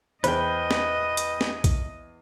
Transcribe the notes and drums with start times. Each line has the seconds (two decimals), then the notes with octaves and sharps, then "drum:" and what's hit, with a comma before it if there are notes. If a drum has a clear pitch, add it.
0.24 E2 G#4 B4 C5 D#5 G5, drum: hi-hat
0.71 drum: snare
1.17 drum: hi-hat
1.41 drum: snare
1.64 drum: kick, hi-hat